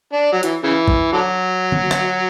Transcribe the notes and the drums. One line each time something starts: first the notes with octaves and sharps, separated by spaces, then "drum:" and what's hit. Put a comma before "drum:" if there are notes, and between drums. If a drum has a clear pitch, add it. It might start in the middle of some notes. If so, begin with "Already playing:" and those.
D4
F#3
E3, drum: hi-hat
C#3 E3
drum: kick
D3 F#3
drum: tom D3
drum: rim click